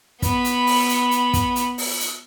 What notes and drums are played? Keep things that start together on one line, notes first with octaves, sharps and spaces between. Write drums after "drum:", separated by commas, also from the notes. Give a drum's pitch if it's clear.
B3 B5, drum: kick, hi-hat
drum: hi-hat
drum: open hi-hat
drum: hi-hat
drum: hi-hat
drum: kick, hi-hat
drum: hi-hat
drum: open hi-hat
drum: hi-hat